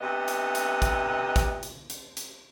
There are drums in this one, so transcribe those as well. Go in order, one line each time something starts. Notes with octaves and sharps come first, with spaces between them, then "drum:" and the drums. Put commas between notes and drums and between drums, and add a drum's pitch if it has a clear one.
D2 C3 B3 D#5
drum: hi-hat
drum: hi-hat
drum: kick G#1, hi-hat
drum: kick G#1, hi-hat
drum: hi-hat
drum: hi-hat
drum: hi-hat